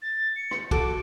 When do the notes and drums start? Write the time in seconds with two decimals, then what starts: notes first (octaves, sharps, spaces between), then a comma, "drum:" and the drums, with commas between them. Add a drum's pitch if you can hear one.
0.02 A6
0.36 C#7
0.51 drum: rim click
0.71 F#4 A4 D6, drum: kick, cymbal